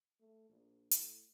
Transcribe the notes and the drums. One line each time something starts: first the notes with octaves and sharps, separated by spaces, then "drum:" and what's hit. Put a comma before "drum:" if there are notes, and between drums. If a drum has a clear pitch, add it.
A3
A#1
A2, drum: hi-hat